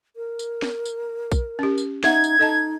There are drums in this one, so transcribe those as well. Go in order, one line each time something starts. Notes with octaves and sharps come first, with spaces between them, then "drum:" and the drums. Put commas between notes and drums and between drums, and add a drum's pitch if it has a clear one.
A#4
drum: tambourine
drum: snare
drum: tambourine
drum: kick A#1, tambourine
C#4 G4
drum: tambourine
D#4 E5 F#5 G#6, drum: snare
drum: tambourine
D#4 A4 D#5 A5